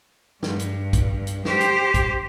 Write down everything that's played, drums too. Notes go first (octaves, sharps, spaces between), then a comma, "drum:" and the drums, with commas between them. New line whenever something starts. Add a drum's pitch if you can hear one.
G2, drum: snare
drum: hi-hat
drum: kick, hi-hat
drum: hi-hat
G4 C5, drum: snare
drum: hi-hat
drum: kick, hi-hat